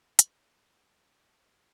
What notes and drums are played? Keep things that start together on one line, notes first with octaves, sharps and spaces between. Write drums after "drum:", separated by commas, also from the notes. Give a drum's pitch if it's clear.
C4 G5, drum: hi-hat